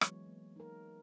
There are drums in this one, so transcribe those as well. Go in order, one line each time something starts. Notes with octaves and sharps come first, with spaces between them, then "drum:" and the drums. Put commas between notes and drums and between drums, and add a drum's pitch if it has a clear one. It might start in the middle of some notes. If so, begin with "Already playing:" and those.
E3 F#3 G#3 B3 C#5, drum: rim click
A#3
D#4 A#4